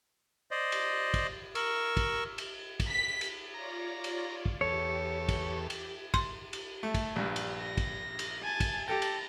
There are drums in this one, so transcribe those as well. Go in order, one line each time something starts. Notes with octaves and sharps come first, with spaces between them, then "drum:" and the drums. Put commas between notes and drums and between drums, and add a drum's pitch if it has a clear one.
C5 D5 D#5
drum: cymbal
drum: kick, cymbal
A#4 C#6 E6, drum: cymbal
drum: kick, cymbal
drum: cymbal
drum: kick, cymbal
B6
drum: cymbal
F4 C#5 D5 A#5
drum: cymbal
drum: kick
E2 G4 A4 C#5
drum: kick, cymbal
drum: cymbal
C6, drum: kick, cymbal
drum: cymbal
A3
drum: kick, cymbal
A#1 G2
drum: cymbal
A#6
drum: kick, cymbal
drum: cymbal
G#5 A5
drum: kick, cymbal
G4 A4 G5 A5 A#5
drum: cymbal